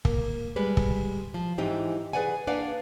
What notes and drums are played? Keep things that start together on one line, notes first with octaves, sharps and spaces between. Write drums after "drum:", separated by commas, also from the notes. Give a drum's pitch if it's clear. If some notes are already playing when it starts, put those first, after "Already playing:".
A#3, drum: kick
G3 G#3 B4
drum: kick
F3
G#2 E3 C4 D#4 G4
G#4 B4 C#5 D5 F#5 G#5
A#3 D4 B4 D5 F5 F#5